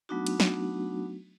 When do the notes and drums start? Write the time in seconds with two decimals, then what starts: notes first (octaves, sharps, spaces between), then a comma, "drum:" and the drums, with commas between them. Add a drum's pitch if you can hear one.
0.09 F#3 A3 B3 D4 D#4 F#4
0.27 drum: cymbal
0.40 drum: snare